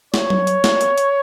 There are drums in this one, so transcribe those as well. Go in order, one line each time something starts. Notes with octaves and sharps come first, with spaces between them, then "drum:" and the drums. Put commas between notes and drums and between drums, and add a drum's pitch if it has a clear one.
C#5, drum: snare
drum: tom F#3
drum: hi-hat
drum: snare
drum: hi-hat
drum: hi-hat